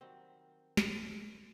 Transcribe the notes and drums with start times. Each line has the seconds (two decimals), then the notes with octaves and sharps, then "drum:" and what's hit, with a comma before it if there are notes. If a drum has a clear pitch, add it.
0.01 D#3 F#3 G3 C4
0.77 drum: snare